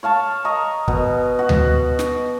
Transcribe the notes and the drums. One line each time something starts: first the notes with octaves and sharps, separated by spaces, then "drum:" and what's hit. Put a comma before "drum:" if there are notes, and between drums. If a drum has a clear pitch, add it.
C#5 F5 A5 C#6
D#5 A#5 C#6
B2, drum: kick
F#4
drum: tom D2
drum: snare